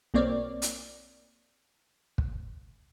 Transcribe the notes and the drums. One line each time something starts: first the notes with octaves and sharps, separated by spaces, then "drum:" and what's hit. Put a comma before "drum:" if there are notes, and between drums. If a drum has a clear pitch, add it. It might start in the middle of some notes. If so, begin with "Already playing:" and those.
B1 A#3 C4 C#5 D5
drum: hi-hat
drum: kick